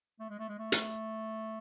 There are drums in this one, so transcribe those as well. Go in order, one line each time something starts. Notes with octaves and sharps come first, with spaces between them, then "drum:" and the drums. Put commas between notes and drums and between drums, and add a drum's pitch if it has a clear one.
A3
G#3
A3
G#3
A3
drum: hi-hat